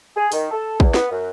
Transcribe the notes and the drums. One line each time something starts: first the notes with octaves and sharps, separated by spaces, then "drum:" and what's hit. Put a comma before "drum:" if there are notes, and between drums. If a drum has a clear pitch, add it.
G#4
D#3, drum: open hi-hat
A4
E2, drum: kick
B3, drum: snare
F#2